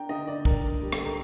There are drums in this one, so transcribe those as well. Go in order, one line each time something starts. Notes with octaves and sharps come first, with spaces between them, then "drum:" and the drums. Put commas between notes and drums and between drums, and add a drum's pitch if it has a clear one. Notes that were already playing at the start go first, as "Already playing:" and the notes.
Already playing: D4 G5 A#5
D3 D#5
D5
D3 A#4, drum: kick
G3
A4, drum: rim click
A#4